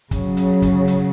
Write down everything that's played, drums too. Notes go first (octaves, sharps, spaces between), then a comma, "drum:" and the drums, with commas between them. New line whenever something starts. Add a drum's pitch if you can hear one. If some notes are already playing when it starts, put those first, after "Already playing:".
C#3 F#3, drum: kick, hi-hat
drum: hi-hat
drum: kick, hi-hat
drum: hi-hat